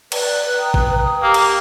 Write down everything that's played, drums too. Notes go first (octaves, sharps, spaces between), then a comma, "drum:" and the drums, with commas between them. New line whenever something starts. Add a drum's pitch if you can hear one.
B4 D5, drum: cymbal
G5 A#5 D#6
drum: kick A1
A#3 G4
drum: cymbal